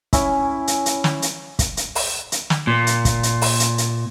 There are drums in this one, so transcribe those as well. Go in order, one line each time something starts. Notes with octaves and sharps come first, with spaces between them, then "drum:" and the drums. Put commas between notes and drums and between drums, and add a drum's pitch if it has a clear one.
C#4 E4, drum: kick, hi-hat
drum: hi-hat
drum: hi-hat
drum: snare
drum: hi-hat
drum: kick, hi-hat
drum: hi-hat
drum: open hi-hat
drum: hi-hat
drum: snare
A#2
drum: hi-hat
drum: kick, hi-hat
drum: hi-hat
drum: open hi-hat
drum: hi-hat
drum: hi-hat